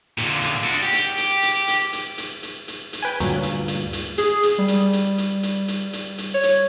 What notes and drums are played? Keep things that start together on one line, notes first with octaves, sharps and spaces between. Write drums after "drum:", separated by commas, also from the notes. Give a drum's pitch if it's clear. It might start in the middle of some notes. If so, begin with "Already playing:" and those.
A#2 D3, drum: hi-hat
drum: hi-hat
D4 F#4
G4
drum: hi-hat
drum: hi-hat
drum: hi-hat
drum: hi-hat
drum: hi-hat
drum: hi-hat
drum: hi-hat
drum: hi-hat
drum: hi-hat
B4 G5 G#5
D2 G2 A#2 F#3, drum: hi-hat
drum: hi-hat
drum: hi-hat
drum: hi-hat
G#4, drum: hi-hat
drum: hi-hat
G3
drum: hi-hat
drum: hi-hat
drum: hi-hat
drum: hi-hat
drum: hi-hat
drum: hi-hat
drum: hi-hat
C#5
drum: hi-hat